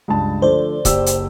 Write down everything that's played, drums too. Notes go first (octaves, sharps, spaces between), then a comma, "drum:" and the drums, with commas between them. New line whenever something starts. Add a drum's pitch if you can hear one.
C#2 G2 A5
D3 F3 A3 C5 D5
F#1 G4 E6, drum: kick C#1, hi-hat
drum: hi-hat